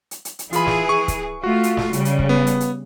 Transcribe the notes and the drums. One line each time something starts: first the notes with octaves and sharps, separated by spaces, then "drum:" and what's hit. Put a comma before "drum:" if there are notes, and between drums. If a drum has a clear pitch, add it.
drum: hi-hat
drum: hi-hat
drum: hi-hat
E3 F4 G#4 B5, drum: hi-hat
drum: snare
C#6
drum: kick, hi-hat
A3 F4 F#4
drum: hi-hat
drum: snare
C#3 G3, drum: hi-hat
drum: hi-hat
drum: kick
B3
drum: hi-hat
drum: hi-hat